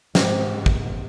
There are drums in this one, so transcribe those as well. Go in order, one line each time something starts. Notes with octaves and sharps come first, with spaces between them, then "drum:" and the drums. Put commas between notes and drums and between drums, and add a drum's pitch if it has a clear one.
G#2 C3, drum: snare
drum: kick